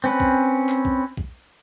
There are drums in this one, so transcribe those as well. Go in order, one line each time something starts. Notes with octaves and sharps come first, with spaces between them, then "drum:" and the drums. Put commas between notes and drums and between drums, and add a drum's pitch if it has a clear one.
C4 C#4 B4
drum: kick B1
drum: clap
drum: kick B1
drum: kick B1